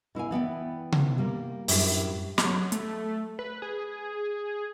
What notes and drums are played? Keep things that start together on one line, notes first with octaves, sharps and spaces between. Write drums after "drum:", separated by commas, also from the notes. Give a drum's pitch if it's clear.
B2 E4 F5 G#5
E3 B3 D5 G5
drum: tom C3
G3 A#3 A#4
F#2 A2 G3 D4 G4, drum: open hi-hat
F#3, drum: snare
A3, drum: hi-hat
B4
G#4